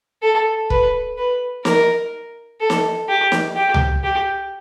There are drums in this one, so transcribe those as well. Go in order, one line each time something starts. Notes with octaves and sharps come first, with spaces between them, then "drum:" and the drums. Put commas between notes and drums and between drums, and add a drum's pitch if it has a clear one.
A4
B4, drum: kick
B4
A#4, drum: snare
A4
drum: snare
G4
drum: snare
G4
drum: tom C#2
G4